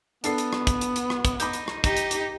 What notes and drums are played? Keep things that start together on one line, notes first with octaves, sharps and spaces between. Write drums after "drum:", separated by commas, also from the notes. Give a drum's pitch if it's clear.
B3 D4 A4 C7, drum: hi-hat
drum: hi-hat
drum: rim click
drum: kick, hi-hat
drum: hi-hat
drum: hi-hat
drum: rim click
drum: kick, hi-hat
D#4 B5 D6 G6, drum: hi-hat
drum: hi-hat
drum: rim click
D#4 G4, drum: kick, hi-hat
drum: hi-hat
drum: hi-hat